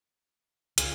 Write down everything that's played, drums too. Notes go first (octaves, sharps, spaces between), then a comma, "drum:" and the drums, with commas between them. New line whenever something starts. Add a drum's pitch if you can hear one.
C#2 F4 G#4 A4, drum: hi-hat